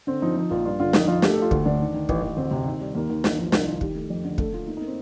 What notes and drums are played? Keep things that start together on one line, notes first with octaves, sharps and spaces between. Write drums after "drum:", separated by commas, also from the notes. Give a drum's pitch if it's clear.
D3 C4
F3 D#4
F3 D#4
A#1 F4
G2 F4
D3 F4
F2 D#4, drum: snare
F2 F4
A3 G4, drum: snare
A4
A3 F4
D2, drum: kick
D2 D4
D#3
D#3
A1, drum: kick
A1
D2 C4
C3
D#3
G3
D#2 A#3
D#2
A1, drum: snare
F3
C2, drum: snare
D#3 F4
D#3 G4, drum: kick
A3
F2
D3
A3 A4, drum: kick
A3 F4
A#3 D#4
D#4
A#3
C4